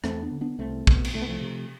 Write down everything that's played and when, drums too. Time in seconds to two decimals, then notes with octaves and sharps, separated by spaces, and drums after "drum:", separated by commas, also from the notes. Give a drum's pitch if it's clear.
0.04 E2 A3 C4, drum: rim click
0.22 B3 D4
0.31 D3
0.41 B3 D4
0.59 C2 A3 C4
0.87 B2, drum: kick
1.05 drum: cymbal
1.14 C2 A3
1.21 B3
1.28 F3 A3
1.41 C3